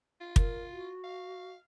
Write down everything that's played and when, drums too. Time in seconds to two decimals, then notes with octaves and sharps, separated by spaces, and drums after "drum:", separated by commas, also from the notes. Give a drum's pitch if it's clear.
0.21 F4
0.36 A#4, drum: kick
0.72 F#4
1.04 F5